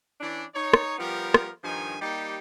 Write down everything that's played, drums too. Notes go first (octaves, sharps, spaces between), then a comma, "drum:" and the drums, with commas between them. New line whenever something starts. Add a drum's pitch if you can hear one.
E3 C#4 D4
D#4 C#5
drum: rim click
F3 G3 B3 G4 A#4
drum: rim click
G2 D#3 F3 D#4 G#5
G3 A#3 D#4 G4